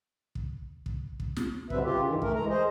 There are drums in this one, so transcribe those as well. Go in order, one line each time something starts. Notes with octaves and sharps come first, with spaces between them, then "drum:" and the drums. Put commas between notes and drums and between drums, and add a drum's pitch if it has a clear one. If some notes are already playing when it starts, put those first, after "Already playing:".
drum: kick
drum: kick
drum: kick
drum: snare
B2 D3 G3 C4 B4 E5, drum: kick
C#3 F4 G4
G2 D#3 E3
A3 A#4, drum: kick
E3 G#3 A#5
G#4 C5 D#5